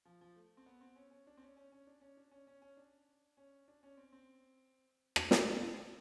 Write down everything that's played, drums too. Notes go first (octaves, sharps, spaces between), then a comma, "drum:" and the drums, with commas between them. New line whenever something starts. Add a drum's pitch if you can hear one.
F3
F3
A3
C4
B3
C4
C#4
C#4
D4
C4
C#4
C#4
C#4
D4
C#4
D4
C#4
C#4
C#4
D4
C#4
D4
C#4
C4
C4
drum: rim click
drum: snare